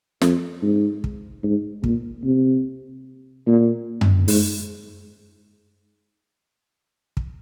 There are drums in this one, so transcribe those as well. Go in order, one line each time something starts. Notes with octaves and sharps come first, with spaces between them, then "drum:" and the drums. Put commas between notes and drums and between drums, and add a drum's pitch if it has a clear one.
F2, drum: snare
G#2
drum: kick
G#2
A#2, drum: kick
C3
A#2
drum: tom F#2
G#2, drum: open hi-hat
drum: kick